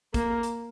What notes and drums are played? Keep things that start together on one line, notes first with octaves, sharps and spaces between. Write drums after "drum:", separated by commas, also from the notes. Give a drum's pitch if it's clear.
A#3, drum: kick, hi-hat
drum: hi-hat